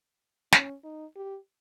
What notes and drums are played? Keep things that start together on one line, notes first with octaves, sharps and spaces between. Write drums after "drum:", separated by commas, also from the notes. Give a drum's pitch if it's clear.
C#4, drum: snare
D#4
G4